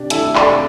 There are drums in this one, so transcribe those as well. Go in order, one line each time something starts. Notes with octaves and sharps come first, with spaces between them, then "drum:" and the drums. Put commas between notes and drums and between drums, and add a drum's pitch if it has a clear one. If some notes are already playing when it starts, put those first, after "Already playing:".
Already playing: C3 D4 G4
D2 E4 A4, drum: hi-hat
A4 D5, drum: clap
C3